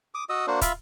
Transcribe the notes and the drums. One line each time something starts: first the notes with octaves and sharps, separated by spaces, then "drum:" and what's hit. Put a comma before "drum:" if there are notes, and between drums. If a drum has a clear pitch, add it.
D6 D#6
F#4 D#5 D#6 E6
A#3 D4 F#4 C5
F4 E5 F5 B5, drum: kick, hi-hat